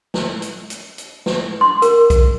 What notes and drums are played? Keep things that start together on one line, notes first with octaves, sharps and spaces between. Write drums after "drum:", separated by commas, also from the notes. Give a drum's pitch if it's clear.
drum: snare
drum: hi-hat
drum: hi-hat
drum: hi-hat
drum: snare
C6
A#4, drum: hi-hat
drum: kick B1, hi-hat